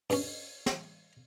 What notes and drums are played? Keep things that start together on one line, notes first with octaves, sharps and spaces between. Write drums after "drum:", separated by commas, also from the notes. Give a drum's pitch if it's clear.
G2 C#4, drum: open hi-hat
drum: snare